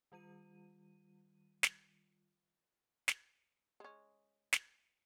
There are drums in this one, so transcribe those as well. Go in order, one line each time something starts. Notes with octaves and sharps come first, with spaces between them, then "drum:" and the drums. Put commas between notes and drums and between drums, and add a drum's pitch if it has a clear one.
D#3 G3 F4 D#7
drum: snare
drum: snare
G#3 C#4
drum: snare